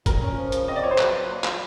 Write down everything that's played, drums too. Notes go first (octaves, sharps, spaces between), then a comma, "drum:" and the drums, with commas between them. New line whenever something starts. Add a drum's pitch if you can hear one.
A#2 A#4, drum: kick, hi-hat
C#4
F3
C#3, drum: hi-hat
C4 D#5
D5
F3 C#5
C5
F#3 B4, drum: clap
F4
A#3
drum: clap